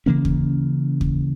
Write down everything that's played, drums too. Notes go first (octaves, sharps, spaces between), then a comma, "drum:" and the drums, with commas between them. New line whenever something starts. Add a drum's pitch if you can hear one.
C#3 E3 A#3 C#4
drum: kick
drum: kick